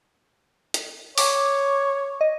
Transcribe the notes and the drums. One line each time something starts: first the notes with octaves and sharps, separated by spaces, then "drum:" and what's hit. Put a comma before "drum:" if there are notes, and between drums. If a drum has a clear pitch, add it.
drum: hi-hat
C#5 D6, drum: open hi-hat
D#5